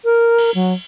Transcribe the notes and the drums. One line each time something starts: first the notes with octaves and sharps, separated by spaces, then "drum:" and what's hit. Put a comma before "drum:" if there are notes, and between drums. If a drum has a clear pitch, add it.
A#4
drum: cymbal
F#3